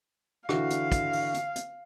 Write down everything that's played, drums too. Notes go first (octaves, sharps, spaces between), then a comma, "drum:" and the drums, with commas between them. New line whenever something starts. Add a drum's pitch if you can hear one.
D3 E3 F#4 F5, drum: rim click
drum: hi-hat
drum: kick, hi-hat
drum: open hi-hat
drum: hi-hat
drum: hi-hat